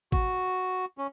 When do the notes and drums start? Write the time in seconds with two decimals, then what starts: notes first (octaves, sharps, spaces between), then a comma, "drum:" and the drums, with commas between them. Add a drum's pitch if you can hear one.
0.12 F#4, drum: kick G#1
0.98 C#4